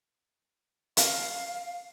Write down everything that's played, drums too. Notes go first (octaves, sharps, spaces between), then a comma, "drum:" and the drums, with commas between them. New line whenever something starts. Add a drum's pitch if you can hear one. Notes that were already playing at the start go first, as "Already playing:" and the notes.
F5, drum: hi-hat